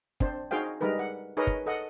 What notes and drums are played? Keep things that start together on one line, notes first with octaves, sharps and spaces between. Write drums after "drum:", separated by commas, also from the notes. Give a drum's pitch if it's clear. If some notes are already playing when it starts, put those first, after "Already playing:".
C4 D4 C5, drum: kick
D#4 F#4 G#4 C5 F5 G5
G3 G#3 D#4 A#4 B4
F#5
D#4 G#4 A#4 B4 C#5 D#5
drum: kick
A4 D#5 F#5